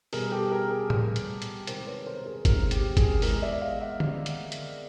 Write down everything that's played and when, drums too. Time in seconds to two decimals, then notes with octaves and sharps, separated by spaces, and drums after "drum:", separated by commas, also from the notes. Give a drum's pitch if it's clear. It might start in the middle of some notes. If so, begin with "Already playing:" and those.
0.13 B2 G3 B3 G#4 A#4, drum: open hi-hat
0.32 G4 A4
0.51 G#4 A#4
0.70 G#4 A#4
0.90 B2 G3 B3, drum: tom A2
1.16 drum: hi-hat
1.42 drum: hi-hat
1.67 C3 D#3 G#3 A#4 C5, drum: hi-hat
1.87 B4 C#5
2.06 A#4 C5
2.26 G#4 A#4
2.45 C3 D#3 G#3 G#4 A#4, drum: kick F#1, hi-hat
2.71 G4, drum: hi-hat
2.97 G#4, drum: kick F#1, hi-hat
3.22 E3 G#3 B3 G#4 A#4, drum: open hi-hat
3.42 D5 E5
3.61 D#5 F5
3.81 E5 F#5
4.00 drum: tom D3
4.26 drum: hi-hat
4.52 drum: hi-hat